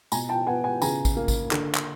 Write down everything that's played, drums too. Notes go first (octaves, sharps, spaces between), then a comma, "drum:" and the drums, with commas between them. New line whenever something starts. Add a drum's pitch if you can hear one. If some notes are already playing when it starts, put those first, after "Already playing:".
B2 G#5 A#5, drum: tambourine
G5 A5
B3 F#5 G#5
F#5 G#5
C#3 G#5 A#5, drum: tambourine
drum: kick, tambourine
A#3
drum: kick, tambourine
D3, drum: clap
drum: clap